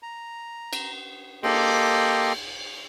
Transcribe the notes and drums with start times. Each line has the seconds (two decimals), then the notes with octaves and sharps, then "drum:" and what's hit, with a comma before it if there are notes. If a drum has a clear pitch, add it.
0.03 A#5
0.73 drum: cymbal
1.43 A#3 G4 A4 D#5 G5 C6, drum: cymbal